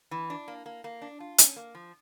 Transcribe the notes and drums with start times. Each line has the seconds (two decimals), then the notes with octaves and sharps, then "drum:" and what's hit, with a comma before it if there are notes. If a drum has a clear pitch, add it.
0.11 E3
0.30 D4
0.48 A#3
0.66 A#3
0.84 A#3
1.02 D4
1.20 F4
1.38 C#4, drum: hi-hat
1.56 A#3
1.75 F3